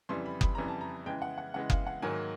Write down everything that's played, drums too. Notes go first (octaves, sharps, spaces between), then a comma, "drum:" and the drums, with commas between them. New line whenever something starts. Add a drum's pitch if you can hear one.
F2 C#3 E3 G3 C6
B5
B5, drum: kick F#1
F2 C#3 E3 G3 A#5
A5
A#5
C#3 E3 G#3 G5
F#5
F#5
C#3 E3 G#3 F#5
F5, drum: kick F#1
F#5
G#2 D#3 F#3 A#3 G#5